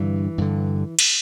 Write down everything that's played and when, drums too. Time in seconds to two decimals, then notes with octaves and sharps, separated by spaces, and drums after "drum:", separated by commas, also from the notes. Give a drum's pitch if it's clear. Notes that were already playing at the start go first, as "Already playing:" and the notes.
Already playing: G2 D3 E3
0.38 G2 D3
0.99 drum: cymbal